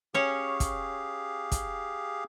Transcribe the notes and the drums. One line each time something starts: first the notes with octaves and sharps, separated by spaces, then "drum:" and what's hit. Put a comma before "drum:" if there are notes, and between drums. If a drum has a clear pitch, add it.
C#4 G4 G#4 C#5 F5
drum: kick, hi-hat
drum: kick, hi-hat